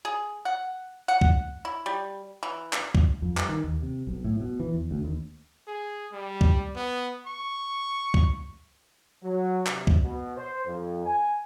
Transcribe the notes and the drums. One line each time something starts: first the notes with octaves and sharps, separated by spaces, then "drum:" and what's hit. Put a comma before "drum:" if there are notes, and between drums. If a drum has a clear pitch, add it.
G#4
F#5
F#5
drum: kick C#2
E4
G3
E3
drum: clap
drum: kick C#2
F2
G3, drum: clap
D#3
D#2
C3
B1
A2
B2
E3
E2
D2
D#2
G#4
G3
drum: kick C#2
B3
C#6
drum: kick C#2
F#3
C3, drum: clap
drum: kick C#2
B2
C5
F2
G#5